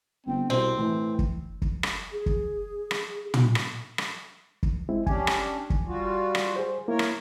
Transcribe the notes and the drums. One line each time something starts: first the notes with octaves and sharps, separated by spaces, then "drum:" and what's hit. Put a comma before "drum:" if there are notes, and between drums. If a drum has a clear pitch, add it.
G1 C4
C2 B2 C4
A2 E3
drum: kick
drum: kick
drum: rim click
G#4
drum: kick
drum: rim click
drum: tom
drum: rim click
drum: rim click
drum: kick
G#3 C4 E4
C#4 D4 G4 G#5, drum: kick
drum: rim click
drum: kick
G3 F4 F#4
drum: rim click
G#4 C5
A#3 E4 A#4 C#5
drum: rim click